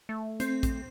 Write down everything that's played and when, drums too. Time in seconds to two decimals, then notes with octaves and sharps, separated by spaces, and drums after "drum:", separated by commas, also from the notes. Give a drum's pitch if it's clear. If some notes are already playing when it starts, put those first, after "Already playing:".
0.09 A3
0.40 C4, drum: hi-hat
0.63 drum: kick A1, hi-hat